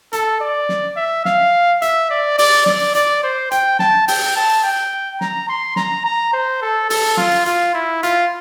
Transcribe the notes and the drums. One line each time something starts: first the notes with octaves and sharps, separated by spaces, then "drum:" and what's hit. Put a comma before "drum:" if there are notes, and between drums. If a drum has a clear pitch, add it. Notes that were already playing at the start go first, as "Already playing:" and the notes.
A4, drum: hi-hat
D5
drum: snare
E5
F5, drum: snare
E5, drum: hi-hat
D5
D5, drum: open hi-hat
D5, drum: snare
D5, drum: hi-hat
C5
G5, drum: hi-hat
A5, drum: snare
G5, drum: open hi-hat
A5
G5
A#5, drum: snare
C6
A#5, drum: snare
A#5
C5
A4
A4, drum: open hi-hat
F4, drum: snare
F4, drum: hi-hat
E4
F4, drum: hi-hat